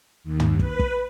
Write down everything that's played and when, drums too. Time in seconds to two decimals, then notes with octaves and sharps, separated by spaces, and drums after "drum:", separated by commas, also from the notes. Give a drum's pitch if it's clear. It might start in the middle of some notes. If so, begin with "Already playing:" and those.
0.24 D#2
0.40 drum: tom
0.59 B4, drum: kick
0.79 drum: kick